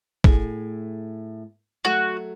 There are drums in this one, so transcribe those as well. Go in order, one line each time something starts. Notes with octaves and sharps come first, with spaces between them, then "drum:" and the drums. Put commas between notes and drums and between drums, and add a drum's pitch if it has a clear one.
A2 A3 G#4, drum: kick A1
F#3 A3 F#4